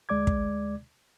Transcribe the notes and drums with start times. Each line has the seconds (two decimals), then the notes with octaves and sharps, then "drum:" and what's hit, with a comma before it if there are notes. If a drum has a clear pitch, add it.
0.09 D2 G#3 D5 D6 G#6
0.27 drum: kick